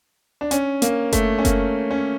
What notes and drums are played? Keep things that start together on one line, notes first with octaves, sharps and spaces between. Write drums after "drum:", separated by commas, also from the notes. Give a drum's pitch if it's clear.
D4
C#4, drum: hi-hat
A#3, drum: hi-hat
A3, drum: kick F#1, hi-hat
C#4
A#3, drum: kick F#1, hi-hat
C#4